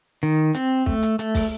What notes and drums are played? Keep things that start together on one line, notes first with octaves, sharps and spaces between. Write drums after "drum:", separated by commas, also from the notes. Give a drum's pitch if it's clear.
D#3
C4, drum: hi-hat
A3, drum: kick
drum: hi-hat
A3, drum: hi-hat
drum: kick, open hi-hat